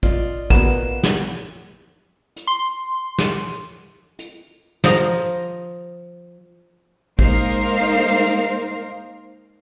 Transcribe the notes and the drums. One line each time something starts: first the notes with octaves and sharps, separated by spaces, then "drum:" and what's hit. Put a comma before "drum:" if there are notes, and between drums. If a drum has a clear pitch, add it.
F4 D5 D#5, drum: kick A1
A#3 B3 F#4 B4 E7, drum: kick A1
drum: snare
drum: hi-hat
C6
drum: snare
drum: hi-hat
F3 D#5 A#5, drum: snare
G#3 A#3 D#4 A#4 C5 F5, drum: kick A1
drum: hi-hat